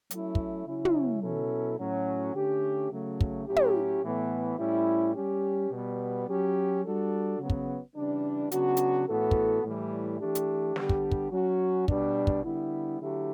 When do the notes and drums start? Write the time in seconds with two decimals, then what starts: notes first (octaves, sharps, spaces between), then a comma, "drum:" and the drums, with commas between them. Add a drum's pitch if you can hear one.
0.11 F#3 A3 C#4 E4, drum: hi-hat
0.35 drum: kick
0.66 C#3 F#3 C#4 E4
0.85 drum: tom
1.23 B2 F#3 C#4 E4 A4
1.79 A2 F#3 C#4
2.35 D3 A3 C#4 G4
2.92 C#3 F#3 A3
3.21 drum: kick
3.47 A2 F#3 C#4 E4 G4
3.56 drum: tom
4.03 A2 E3 B3
4.59 A2 G3 C#4 E4
5.15 G3 C#4 G4
5.71 B2 G3 B3
6.28 F#3 C#4 G4
6.83 G3 D4 F#4 A4
7.40 C#3 F#3 B3
7.50 drum: kick
7.95 C#3 E3 G3 D4
8.52 C#3 F#3 B3 D4 F#4, drum: hi-hat
8.77 drum: hi-hat
9.08 A2 E3 B3 F#4 A4
9.31 drum: kick
9.64 A2 E3 G3
10.20 E3 A3 D4 G4
10.35 drum: hi-hat
10.76 D3 G3 B3 D4 G4, drum: snare
10.89 drum: kick
11.12 drum: kick
11.32 F#3 C#4 F#4
11.88 B2 G3 D4, drum: kick
12.27 drum: kick
12.44 D3 G3 B3 E4
13.00 D3 F#3 A3 E4 G4